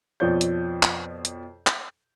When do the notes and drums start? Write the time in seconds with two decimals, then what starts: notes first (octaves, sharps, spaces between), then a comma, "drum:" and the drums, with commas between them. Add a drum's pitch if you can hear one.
0.20 F2 B2 F3 C#5 D5 G6
0.41 drum: hi-hat
0.83 drum: clap
1.25 drum: hi-hat
1.67 drum: clap